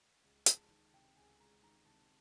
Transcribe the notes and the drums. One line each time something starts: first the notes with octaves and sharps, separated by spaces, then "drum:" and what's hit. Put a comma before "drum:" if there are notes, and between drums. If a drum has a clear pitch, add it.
C#2
G#3 A5, drum: hi-hat
D#3
C3 G5
C#2 G#5
G#3 A#5
D#3 A#5
C3 A5